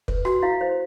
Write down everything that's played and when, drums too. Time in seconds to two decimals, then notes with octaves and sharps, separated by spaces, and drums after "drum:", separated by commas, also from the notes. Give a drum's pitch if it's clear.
0.08 B4, drum: kick
0.25 F#4, drum: rim click
0.43 E4 F5
0.61 C5